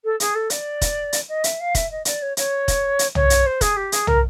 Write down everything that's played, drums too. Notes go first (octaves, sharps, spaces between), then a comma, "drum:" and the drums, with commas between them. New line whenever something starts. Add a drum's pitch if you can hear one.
A4
G#4, drum: hi-hat
A4
D5, drum: hi-hat
drum: kick, hi-hat
drum: hi-hat
D#5
E5, drum: hi-hat
F5
E5, drum: kick, hi-hat
D#5
D5, drum: hi-hat
C#5
C#5, drum: hi-hat
drum: kick, hi-hat
drum: hi-hat
C#5, drum: tom
drum: hi-hat
C5
G#4, drum: kick, hi-hat
G4
G#4, drum: hi-hat
A#4, drum: tom